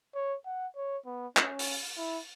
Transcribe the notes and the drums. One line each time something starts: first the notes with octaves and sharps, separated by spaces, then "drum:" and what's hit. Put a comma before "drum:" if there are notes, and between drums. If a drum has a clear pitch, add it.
C#5
F#5
C#5
B3
C#4, drum: clap
drum: open hi-hat
E4